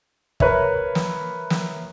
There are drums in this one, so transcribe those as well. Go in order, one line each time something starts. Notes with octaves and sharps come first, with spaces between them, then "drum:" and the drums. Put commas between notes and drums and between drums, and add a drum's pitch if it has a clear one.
A#4 B4 C#5 E5, drum: kick
drum: snare
drum: snare